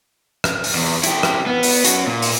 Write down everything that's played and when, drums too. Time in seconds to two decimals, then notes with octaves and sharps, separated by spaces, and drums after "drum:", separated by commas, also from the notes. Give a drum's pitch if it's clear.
0.44 drum: rim click
0.64 drum: open hi-hat
0.75 E2
1.03 E4 G4, drum: hi-hat
1.23 drum: rim click
1.47 B3
1.63 drum: open hi-hat
1.84 C#4 F#4, drum: hi-hat
2.07 A#2
2.22 drum: open hi-hat